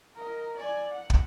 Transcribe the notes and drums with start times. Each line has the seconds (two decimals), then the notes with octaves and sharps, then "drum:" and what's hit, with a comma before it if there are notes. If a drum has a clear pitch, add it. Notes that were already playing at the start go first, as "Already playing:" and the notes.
0.16 A#4 D#5
0.57 D5 G#5
0.91 F#5
1.10 drum: kick